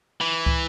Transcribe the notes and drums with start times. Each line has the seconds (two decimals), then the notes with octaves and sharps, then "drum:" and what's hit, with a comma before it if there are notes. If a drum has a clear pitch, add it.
0.21 E3
0.46 drum: kick